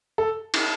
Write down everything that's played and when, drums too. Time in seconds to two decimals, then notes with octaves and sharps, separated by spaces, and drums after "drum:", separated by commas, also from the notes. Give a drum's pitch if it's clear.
0.18 A4
0.54 drum: cymbal